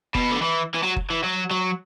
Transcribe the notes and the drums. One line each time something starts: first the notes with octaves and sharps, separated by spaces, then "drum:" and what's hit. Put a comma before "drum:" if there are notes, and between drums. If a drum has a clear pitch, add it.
B2, drum: kick F#1
D3
E3
E3
F#3
drum: kick F#1
E3
F#3
F#3